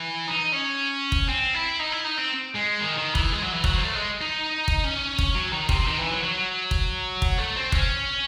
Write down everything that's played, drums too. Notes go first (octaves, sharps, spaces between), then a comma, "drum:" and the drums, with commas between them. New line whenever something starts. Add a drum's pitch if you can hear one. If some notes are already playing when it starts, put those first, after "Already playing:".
Already playing: E3
D#4
C#4
drum: kick
C4
E4
D#4
E4
D#4
C4
G#3
D#3
D#3
E3, drum: kick
G#3
F#3
E3
F#3, drum: kick
C4
A3
G#3
D#4
drum: kick
C#4
drum: kick
F#3
D#3
C3, drum: kick
D#3
E3
F#3
F#3
drum: kick
drum: kick
A3
C4
C#4, drum: kick